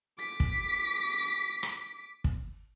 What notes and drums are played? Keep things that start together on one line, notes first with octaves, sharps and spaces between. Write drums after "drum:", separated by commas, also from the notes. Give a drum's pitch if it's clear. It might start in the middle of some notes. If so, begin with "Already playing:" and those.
D6 B6
drum: kick
drum: rim click
drum: kick